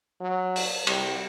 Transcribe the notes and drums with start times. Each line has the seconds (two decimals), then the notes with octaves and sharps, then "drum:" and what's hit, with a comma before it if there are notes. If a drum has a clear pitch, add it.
0.20 F#3
0.56 drum: open hi-hat
0.87 C2 G3, drum: cymbal